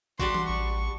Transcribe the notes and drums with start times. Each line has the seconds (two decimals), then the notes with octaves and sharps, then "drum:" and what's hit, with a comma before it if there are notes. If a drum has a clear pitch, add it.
0.20 G3 D4 F#4 C6, drum: kick A1
0.35 drum: tom E3
0.49 A1 C#6